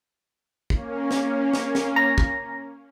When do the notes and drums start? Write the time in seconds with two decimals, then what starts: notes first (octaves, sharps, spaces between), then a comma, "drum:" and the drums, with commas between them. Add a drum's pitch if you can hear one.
0.70 A#3 C#4, drum: kick
1.11 drum: snare
1.53 drum: snare
1.75 drum: snare
1.96 A#5
2.18 drum: kick